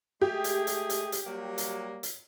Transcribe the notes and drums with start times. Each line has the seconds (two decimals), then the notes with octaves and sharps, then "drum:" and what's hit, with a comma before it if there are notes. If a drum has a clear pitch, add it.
0.21 G#3 A3 G4 G#4
0.44 drum: hi-hat
0.67 drum: hi-hat
0.90 drum: hi-hat
1.12 drum: hi-hat
1.26 F#3 G3 A#3
1.58 drum: hi-hat
2.03 drum: hi-hat